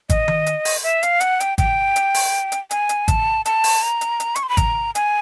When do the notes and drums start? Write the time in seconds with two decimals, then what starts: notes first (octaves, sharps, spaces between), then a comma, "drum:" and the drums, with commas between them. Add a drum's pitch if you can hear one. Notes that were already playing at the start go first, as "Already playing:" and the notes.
0.10 D#5, drum: kick G#1, hi-hat
0.28 drum: tom D#3
0.46 drum: hi-hat
0.65 drum: open hi-hat
0.83 E5
1.03 F5, drum: hi-hat
1.21 F#5, drum: hi-hat
1.40 G5, drum: hi-hat
1.58 G5, drum: kick G#1, hi-hat
1.96 drum: hi-hat
2.14 drum: open hi-hat
2.52 drum: hi-hat
2.71 G#5, drum: hi-hat
2.89 drum: hi-hat
3.08 A5, drum: kick G#1, hi-hat
3.45 A5, drum: hi-hat
3.64 drum: open hi-hat
3.82 A#5
4.01 drum: hi-hat
4.20 drum: hi-hat
4.36 C#6, drum: hi-hat
4.43 C6
4.49 B5
4.57 A#5, drum: kick G#1, hi-hat
4.95 G#5, drum: hi-hat